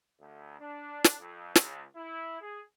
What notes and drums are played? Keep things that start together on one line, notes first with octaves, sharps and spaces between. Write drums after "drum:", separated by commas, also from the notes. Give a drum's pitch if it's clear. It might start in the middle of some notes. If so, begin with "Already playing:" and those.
D2
D4
drum: snare
F2
C#2, drum: snare
E4
G#4